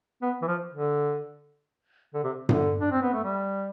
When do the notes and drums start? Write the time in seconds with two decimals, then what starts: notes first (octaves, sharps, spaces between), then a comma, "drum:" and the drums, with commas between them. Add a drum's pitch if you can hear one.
0.22 B3
0.42 E3
0.47 F3
0.72 D3
2.14 D3
2.24 C3
2.49 D3, drum: tom G2
2.81 D4
2.91 C4
3.02 B3
3.13 A3
3.24 G3